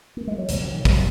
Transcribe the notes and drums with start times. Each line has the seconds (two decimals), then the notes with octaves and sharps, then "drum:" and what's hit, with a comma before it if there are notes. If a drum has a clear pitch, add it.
0.17 A#3
0.27 G#3
0.38 F#3
0.48 C2 A#2 F3, drum: hi-hat
0.61 D#3 F#3
0.73 D#3 F#3
0.85 F#3 A#3, drum: kick, open hi-hat